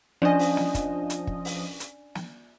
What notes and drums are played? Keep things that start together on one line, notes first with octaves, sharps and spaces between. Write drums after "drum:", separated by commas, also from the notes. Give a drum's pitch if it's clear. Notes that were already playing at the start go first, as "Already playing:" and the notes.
F3 C#4 D4 D5 D#5 G#5
drum: open hi-hat
drum: snare
drum: kick, hi-hat
drum: hi-hat
drum: kick
drum: open hi-hat
drum: hi-hat
drum: snare